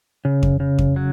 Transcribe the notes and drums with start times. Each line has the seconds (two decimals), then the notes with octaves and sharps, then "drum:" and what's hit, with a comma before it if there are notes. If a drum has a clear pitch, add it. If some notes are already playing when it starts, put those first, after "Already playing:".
0.25 C#3
0.43 drum: kick F2
0.60 C#3
0.79 drum: kick F2
0.96 F#3